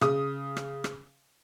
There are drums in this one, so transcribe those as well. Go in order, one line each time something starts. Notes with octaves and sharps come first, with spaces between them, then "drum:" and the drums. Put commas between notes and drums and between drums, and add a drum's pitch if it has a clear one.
C#3 D#6, drum: rim click
drum: rim click
drum: rim click